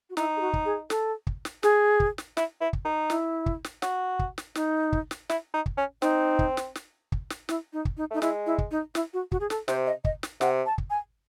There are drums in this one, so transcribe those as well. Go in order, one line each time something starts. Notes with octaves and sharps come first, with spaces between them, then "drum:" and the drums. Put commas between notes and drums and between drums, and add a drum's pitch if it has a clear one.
F#4
D#4 E4, drum: snare
G#4
F#4
drum: kick
G#4
A4, drum: snare
drum: kick
drum: snare
G#4, drum: snare
drum: kick
drum: snare
E4, drum: snare
E4
drum: kick
D#4
E4, drum: snare
drum: kick
drum: snare
F#4, drum: snare
drum: kick
drum: snare
D#4, drum: snare
drum: kick
drum: snare
E4, drum: snare
D#4
drum: kick
C#4
C4 D#4, drum: snare
drum: kick
drum: snare
drum: snare
drum: kick
drum: snare
E4, drum: snare
D#4
drum: kick
D#4
A3 D#4
G#3 E4, drum: snare
E4
drum: kick
D#4
E4, drum: snare
F#4
F#4, drum: kick
G#4
A4, drum: snare
C3 C5, drum: snare
D#5
D#5, drum: kick
drum: snare
C3 F#5, drum: snare
A5
drum: kick
G#5